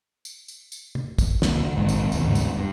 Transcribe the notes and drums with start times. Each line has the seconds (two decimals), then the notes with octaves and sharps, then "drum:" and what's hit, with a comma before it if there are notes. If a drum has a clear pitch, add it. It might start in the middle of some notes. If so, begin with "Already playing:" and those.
0.25 drum: tambourine
0.48 drum: tambourine
0.72 drum: tambourine
0.95 drum: tom
1.18 drum: kick, tambourine
1.42 F1 D#2, drum: snare
1.60 D3
1.76 A#1 G#2 D3 D#3
1.89 drum: tambourine
2.12 F#1 D#2 C3, drum: tambourine
2.23 D#2 G#2 C#3 G3
2.35 drum: tambourine
2.58 G2